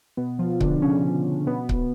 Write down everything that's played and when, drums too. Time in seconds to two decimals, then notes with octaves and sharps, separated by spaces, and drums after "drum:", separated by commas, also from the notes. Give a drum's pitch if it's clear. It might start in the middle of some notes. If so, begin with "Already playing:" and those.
0.17 B2 B3
0.39 F3 F4
0.61 D3 D4, drum: kick C#1
0.82 C#3 C#4
1.47 B2 B3
1.69 drum: kick C#1